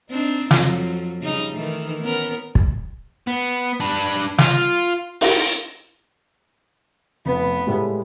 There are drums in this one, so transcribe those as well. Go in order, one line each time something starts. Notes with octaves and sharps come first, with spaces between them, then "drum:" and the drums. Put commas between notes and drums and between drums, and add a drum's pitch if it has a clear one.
C4 D4 D#4
F2 F#3, drum: snare
C#3 G3 D#4
D#3 E3 A3
B3 C#4 A#4
drum: kick
B3
D4 B4
F4, drum: snare
drum: open hi-hat
F1 B3
A2 G3 G#3